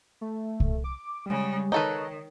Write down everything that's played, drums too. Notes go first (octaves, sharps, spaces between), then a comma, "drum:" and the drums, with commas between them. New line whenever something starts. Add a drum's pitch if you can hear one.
A3
drum: kick C2
D6
C#3 G3 G#3
D#3 D#4 A4 B4 C#5